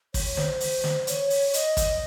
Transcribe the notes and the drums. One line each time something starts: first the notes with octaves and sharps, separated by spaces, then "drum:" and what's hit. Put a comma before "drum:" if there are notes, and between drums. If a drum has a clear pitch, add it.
C#5, drum: kick, open hi-hat
C5, drum: snare
drum: open hi-hat
drum: snare
C#5, drum: hi-hat
drum: open hi-hat
D#5, drum: hi-hat
drum: kick, hi-hat